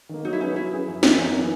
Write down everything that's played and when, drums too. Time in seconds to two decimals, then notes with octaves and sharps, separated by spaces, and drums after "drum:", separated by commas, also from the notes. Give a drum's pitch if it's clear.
0.09 D#3 A#3
0.25 F#3 D#4
0.33 E4
0.41 C#4 D#4 G#4 B4
0.56 F#3 E4
0.72 C#4 G#4 B4
0.88 F#2
1.03 E3 A#3, drum: snare
1.18 F#2 D#4
1.34 E3 A#3